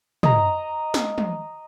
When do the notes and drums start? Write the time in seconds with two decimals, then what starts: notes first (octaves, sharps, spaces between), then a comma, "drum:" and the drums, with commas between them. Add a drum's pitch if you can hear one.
0.23 D#5 A#5, drum: tom
0.94 drum: snare
1.18 drum: tom